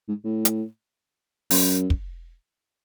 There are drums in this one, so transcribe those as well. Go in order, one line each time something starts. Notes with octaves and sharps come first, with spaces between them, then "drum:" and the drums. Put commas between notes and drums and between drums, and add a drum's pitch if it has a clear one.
G#2
A2
drum: hi-hat
F#2, drum: open hi-hat
drum: kick